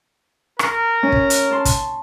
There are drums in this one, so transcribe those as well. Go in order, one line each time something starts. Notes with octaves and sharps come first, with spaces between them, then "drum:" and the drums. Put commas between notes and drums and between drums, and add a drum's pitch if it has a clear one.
A#4, drum: rim click
C#4
drum: kick
drum: hi-hat
A5 C6
drum: kick, hi-hat